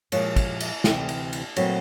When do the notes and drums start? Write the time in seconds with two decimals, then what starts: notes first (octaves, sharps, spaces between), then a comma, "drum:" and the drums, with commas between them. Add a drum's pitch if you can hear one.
0.12 A#2 F3 G#3 B4 C#5, drum: cymbal
0.36 drum: kick, cymbal
0.60 drum: cymbal
0.84 D2 C3 E3, drum: snare
1.09 drum: cymbal
1.33 drum: cymbal
1.56 A#2 F#3 A3 C4 B4 C#5, drum: cymbal